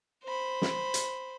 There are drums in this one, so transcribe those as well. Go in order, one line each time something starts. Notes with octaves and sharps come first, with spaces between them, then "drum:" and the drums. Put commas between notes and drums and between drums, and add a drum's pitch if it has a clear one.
C5 B5
drum: snare
drum: hi-hat